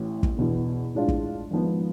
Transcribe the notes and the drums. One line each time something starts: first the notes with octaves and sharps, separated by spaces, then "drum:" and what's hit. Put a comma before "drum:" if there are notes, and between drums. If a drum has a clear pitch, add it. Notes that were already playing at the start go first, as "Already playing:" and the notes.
Already playing: A1 A2 E3
drum: kick
E2 B2 B3
A2 G#3 D4 F4
drum: kick
G#1 G#2 F3 B3